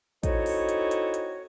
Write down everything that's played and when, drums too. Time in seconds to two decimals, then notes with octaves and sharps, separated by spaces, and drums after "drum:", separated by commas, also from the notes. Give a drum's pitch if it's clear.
0.23 C4 D#4 E4 F#4 A4 C#5, drum: kick, hi-hat
0.46 drum: open hi-hat
0.69 drum: hi-hat
0.91 drum: hi-hat
1.14 drum: hi-hat